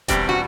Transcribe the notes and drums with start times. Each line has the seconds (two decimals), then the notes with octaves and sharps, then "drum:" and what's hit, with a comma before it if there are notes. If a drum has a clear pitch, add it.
0.08 E2 B2 G3 C4, drum: kick D#1, hi-hat
0.29 F#4